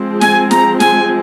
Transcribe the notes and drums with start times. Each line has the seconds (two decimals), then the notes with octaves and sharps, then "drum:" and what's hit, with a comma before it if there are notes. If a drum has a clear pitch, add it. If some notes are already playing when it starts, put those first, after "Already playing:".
Already playing: F3 G#3 C4
0.21 G#5, drum: snare
0.51 A#5, drum: snare
0.80 G#5, drum: snare